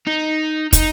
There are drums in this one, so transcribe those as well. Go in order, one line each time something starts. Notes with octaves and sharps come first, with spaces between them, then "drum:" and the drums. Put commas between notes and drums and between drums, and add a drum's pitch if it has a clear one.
D#4
D#4, drum: kick, hi-hat